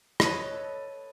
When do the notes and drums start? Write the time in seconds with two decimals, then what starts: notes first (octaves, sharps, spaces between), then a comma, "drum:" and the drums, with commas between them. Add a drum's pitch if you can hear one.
0.20 A4 B4 C#5 D#5 B5, drum: rim click